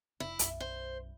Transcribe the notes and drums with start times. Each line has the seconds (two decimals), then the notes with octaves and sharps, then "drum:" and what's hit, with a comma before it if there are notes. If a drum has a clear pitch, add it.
0.20 F1 E4
0.39 B1 F#2, drum: hi-hat
0.60 C5